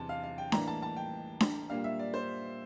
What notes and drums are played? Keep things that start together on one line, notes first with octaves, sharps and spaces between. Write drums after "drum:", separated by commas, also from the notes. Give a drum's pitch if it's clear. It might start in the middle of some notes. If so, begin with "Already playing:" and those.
Already playing: E2 C3 C4 A5
F5
F5
G5
A2 E3 A#3 D4 A#5, drum: snare D4
A5
A5
G5
drum: snare D4
A#2 G3 A#3 D4 F5
E5
D5
C5